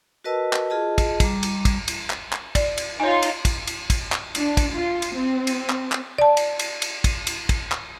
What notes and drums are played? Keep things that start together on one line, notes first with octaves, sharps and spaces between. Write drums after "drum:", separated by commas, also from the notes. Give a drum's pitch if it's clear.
F#4 A#4 B4 D#5 A5 E6
drum: clap
F4 G#4 D#5 A5
drum: kick, cymbal
G3 A#5 D6, drum: kick, cymbal
drum: cymbal
drum: kick, cymbal
drum: cymbal
drum: clap
drum: clap
D5, drum: kick, cymbal
drum: cymbal
D#4 F4 C#5 G#5
drum: cymbal
drum: kick, cymbal
drum: cymbal
drum: kick, cymbal
drum: clap
D4, drum: cymbal
drum: kick, cymbal
F4
drum: cymbal
C4
drum: cymbal
drum: clap
drum: clap
D5 A5
drum: cymbal
drum: cymbal
drum: cymbal
drum: kick, cymbal
drum: cymbal
drum: kick, cymbal
drum: clap